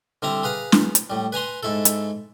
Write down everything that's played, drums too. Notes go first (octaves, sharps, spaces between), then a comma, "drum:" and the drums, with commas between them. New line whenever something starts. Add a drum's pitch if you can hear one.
D3 G3 C4 E4 A#5
G#4 B4 F5 A#5
drum: snare
drum: hi-hat
A2 G3
B4 G#5 A#5 C6
G#2 E4 A4
drum: hi-hat